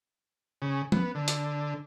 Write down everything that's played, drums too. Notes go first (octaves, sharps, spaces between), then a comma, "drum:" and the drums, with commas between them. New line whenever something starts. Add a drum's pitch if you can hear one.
C#3
B3, drum: tom
D3
drum: hi-hat